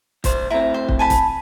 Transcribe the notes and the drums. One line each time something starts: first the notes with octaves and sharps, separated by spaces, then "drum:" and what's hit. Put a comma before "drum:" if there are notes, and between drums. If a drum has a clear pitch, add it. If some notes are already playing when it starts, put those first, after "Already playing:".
C#2 C5, drum: kick, hi-hat
A2 C4 E4 A#5
C5
drum: kick
G#5 A5 B5
drum: kick, hi-hat